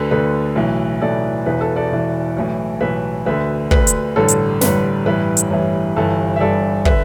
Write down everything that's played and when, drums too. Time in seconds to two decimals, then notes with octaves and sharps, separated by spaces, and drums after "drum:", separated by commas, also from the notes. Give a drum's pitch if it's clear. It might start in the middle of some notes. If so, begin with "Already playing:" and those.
Already playing: D2 D3 A4 B4
0.11 D2 D3 B4
0.56 B1 A2 E3
1.01 B1 A2 E3 A4 D5
1.46 E1 E2 E3 B4
1.61 A4
1.76 A4 D5
1.91 E1 E2 E3
2.37 B1 A2 E3
2.80 B1 A2 E3 B4 E5
3.26 D2 D3 B4 E5
3.71 D2 D3 B4, drum: kick
3.87 drum: hi-hat
4.16 A1 G2 D3 A4
4.28 drum: hi-hat
4.61 A1 G2 D3 B4, drum: snare
5.05 A1 G2 E3 B4
5.37 drum: hi-hat
5.50 A1 G2 E3
5.96 G1 G2 E3 A4
6.36 E5
6.40 G1 G2 E3 A4 D5
6.85 D3 B4 E5, drum: kick